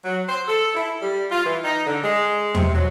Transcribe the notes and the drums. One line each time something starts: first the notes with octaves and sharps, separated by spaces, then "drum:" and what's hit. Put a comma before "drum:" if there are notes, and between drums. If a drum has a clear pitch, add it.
F#3
C5
A4
E4
G3
F4
E3
D#4
D3
G#3
C3, drum: tom E2
F#3